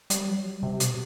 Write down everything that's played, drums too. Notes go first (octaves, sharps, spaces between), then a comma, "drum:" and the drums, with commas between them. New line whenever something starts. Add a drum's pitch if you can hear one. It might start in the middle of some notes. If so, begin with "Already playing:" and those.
G3, drum: hi-hat
F#3
G3
C3
B2, drum: hi-hat